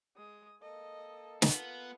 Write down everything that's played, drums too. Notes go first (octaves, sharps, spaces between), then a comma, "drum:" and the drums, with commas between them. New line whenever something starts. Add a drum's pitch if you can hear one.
G#3 D#6
A#3 A4 D#5
B3 F4, drum: snare